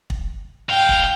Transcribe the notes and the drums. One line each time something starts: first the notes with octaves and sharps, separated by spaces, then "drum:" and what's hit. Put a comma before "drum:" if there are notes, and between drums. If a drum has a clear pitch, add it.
drum: kick
G#2 F5 G5
drum: kick